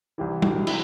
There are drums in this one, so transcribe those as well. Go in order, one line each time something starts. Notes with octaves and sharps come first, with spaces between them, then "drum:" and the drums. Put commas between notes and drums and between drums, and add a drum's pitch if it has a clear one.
C2 C3 E3 G4
F#4, drum: tom G3
C3 E4, drum: cymbal